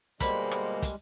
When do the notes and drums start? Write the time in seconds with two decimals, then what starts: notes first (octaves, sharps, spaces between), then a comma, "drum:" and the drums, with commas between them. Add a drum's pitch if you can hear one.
0.20 B2 D3 G3 G#3 A#3 C5 B5, drum: kick, hi-hat
0.51 drum: rim click
0.82 drum: kick, hi-hat